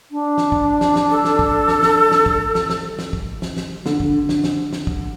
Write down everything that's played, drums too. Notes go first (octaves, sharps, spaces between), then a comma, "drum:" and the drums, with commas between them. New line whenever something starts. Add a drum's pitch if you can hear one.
D4
drum: snare
drum: kick
drum: snare
drum: snare
A4
drum: snare
drum: kick
drum: snare
drum: snare
drum: snare
drum: kick
drum: snare
drum: snare
drum: snare
drum: kick
drum: snare
drum: snare
D3, drum: snare
drum: kick
drum: snare
drum: snare
drum: snare
drum: kick